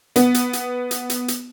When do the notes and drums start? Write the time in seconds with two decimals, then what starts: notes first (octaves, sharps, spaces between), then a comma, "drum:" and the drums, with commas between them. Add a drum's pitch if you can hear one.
0.16 B3, drum: hi-hat
0.34 drum: hi-hat
0.53 drum: hi-hat
0.91 drum: hi-hat
1.10 drum: hi-hat
1.28 drum: hi-hat